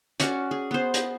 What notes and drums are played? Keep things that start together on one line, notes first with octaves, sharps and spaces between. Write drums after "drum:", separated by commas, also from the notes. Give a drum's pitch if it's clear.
C#4 F#4 D5, drum: hi-hat
G#4
B3 C5
drum: hi-hat